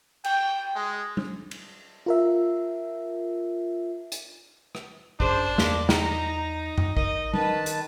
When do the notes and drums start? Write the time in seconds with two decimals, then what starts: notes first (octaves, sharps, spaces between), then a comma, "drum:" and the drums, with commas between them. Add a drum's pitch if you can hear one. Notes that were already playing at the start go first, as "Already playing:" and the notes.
0.24 G5, drum: cymbal
0.75 G#3
1.17 drum: tom G3
1.51 drum: cymbal
2.06 F4 A#4 E5
4.12 drum: hi-hat
4.75 drum: rim click
5.20 F#2 D4 G#4 C5 G6, drum: kick A1
5.58 E2 A#3 D5, drum: snare
5.89 D#4 A#5, drum: snare
6.78 drum: tom F#2
6.97 A#4 D#5, drum: kick A1
7.34 D#3 B4 A5, drum: tom G3
7.66 drum: hi-hat